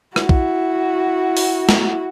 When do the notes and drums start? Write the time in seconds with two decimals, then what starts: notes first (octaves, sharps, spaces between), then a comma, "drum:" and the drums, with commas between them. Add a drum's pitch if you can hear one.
0.16 E4 F#4, drum: rim click
0.29 drum: kick
1.37 drum: open hi-hat
1.69 drum: snare